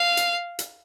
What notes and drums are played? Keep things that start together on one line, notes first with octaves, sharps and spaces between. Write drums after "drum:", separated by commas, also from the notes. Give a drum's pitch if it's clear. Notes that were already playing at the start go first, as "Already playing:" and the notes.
Already playing: F5
drum: hi-hat
drum: hi-hat